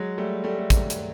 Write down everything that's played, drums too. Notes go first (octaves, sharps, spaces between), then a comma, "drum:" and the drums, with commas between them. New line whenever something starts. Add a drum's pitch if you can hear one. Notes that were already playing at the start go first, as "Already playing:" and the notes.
Already playing: F#3 G#3
G3 A3
G3 A3
A3
drum: kick, hi-hat
drum: hi-hat